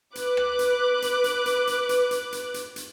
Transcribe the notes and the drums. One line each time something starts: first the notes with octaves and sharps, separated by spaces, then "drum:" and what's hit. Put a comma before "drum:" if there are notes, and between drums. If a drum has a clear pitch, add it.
B4 D6 F#6, drum: hi-hat
drum: rim click
drum: hi-hat
drum: hi-hat
drum: hi-hat
drum: hi-hat
drum: hi-hat
drum: hi-hat
drum: hi-hat
drum: hi-hat
drum: hi-hat
drum: hi-hat